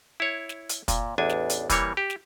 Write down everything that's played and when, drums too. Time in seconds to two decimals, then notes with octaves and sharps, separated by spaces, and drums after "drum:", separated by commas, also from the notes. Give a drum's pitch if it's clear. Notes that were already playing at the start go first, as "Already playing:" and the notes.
0.20 E4 C#5
0.49 drum: snare
0.69 drum: hi-hat
0.88 A#2, drum: kick, hi-hat
1.18 A1 E2 D4 G#5
1.29 drum: snare
1.50 drum: hi-hat
1.70 E3 G3 A#3 C#5, drum: kick, hi-hat
1.97 G4
2.10 drum: snare